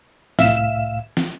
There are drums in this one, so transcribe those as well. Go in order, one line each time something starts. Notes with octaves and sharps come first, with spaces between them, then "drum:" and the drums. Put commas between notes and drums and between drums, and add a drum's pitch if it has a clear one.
C2 A2 E5 F5 E7, drum: snare
drum: snare